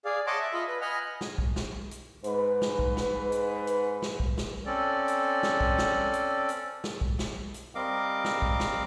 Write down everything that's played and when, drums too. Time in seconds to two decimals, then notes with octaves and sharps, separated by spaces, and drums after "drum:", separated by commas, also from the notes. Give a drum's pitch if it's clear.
0.05 G#4 D5 F5
0.27 C#5 D#5 F#5 A5 C6 D6
0.40 E5
0.54 F4 D#5 B5
0.68 B4
0.81 D#5 F#5 G#5 B5 F6
1.21 drum: snare
1.38 drum: kick
1.56 drum: snare
1.91 drum: hi-hat
2.24 G#2 B4, drum: hi-hat
2.62 drum: snare
2.79 drum: kick
2.97 drum: snare
3.32 drum: hi-hat
3.67 drum: hi-hat
4.02 drum: snare
4.20 drum: kick
4.38 drum: snare
4.66 C4 C#4 A4 D5
5.08 drum: hi-hat
5.43 drum: snare
5.61 drum: kick
5.78 drum: snare
6.13 drum: hi-hat
6.49 drum: hi-hat
6.84 drum: snare
7.01 drum: kick
7.19 drum: snare
7.54 drum: hi-hat
7.75 G3 C4 A#4 D#5 F5 D6
8.25 drum: snare
8.42 drum: kick
8.60 drum: snare